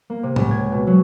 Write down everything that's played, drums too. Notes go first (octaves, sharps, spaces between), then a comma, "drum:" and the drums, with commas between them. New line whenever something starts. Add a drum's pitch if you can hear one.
A#3
C3
C#2, drum: tom A2
G#6
B2
F#3